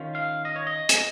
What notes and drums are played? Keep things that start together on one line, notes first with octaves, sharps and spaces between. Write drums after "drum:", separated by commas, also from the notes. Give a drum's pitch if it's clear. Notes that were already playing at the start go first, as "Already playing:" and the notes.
Already playing: D#3 C#4 F4
F5
D#5
C#5
D#5
drum: hi-hat